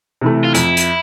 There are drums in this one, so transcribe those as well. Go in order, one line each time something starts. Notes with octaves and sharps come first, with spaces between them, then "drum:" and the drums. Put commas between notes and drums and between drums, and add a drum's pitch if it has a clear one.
C3 E3 A3
F4
F2 E4, drum: hi-hat
drum: hi-hat